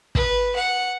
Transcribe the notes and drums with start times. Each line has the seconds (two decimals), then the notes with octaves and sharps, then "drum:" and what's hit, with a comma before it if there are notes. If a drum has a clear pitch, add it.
0.15 B4, drum: kick
0.56 F#5